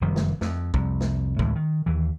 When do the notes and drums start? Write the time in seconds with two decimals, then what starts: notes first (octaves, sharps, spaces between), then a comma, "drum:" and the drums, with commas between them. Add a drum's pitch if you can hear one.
0.01 F1 F#2 D#3 G3
0.16 drum: snare
0.41 F2, drum: snare
0.74 C2 F2, drum: kick
1.01 drum: snare
1.39 D2 A2 E3 G#3, drum: kick
1.55 D#3
1.86 D#2 E3